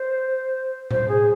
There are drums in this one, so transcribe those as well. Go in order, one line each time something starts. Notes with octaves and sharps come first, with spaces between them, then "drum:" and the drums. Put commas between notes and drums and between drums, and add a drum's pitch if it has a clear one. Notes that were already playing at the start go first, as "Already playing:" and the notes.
Already playing: C5
C5, drum: tom A2
G#4